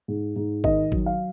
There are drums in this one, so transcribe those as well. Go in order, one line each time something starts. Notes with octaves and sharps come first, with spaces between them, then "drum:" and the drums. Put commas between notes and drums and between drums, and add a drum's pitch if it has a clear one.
G#2
G#2
D#3 D#5, drum: kick G#1
F#3, drum: kick G#1
F5